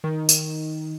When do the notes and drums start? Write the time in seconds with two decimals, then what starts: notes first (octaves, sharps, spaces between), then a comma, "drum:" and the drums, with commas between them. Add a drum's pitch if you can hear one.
0.04 D#3
0.29 drum: tambourine